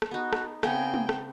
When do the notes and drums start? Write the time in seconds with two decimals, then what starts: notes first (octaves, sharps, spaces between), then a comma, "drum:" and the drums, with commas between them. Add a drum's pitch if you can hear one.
0.02 drum: rim click
0.11 B3 D#4 F#4
0.33 drum: rim click
0.63 C#3 B3 C4 A#4 G5 G#5, drum: rim click
0.94 drum: tom
1.09 drum: rim click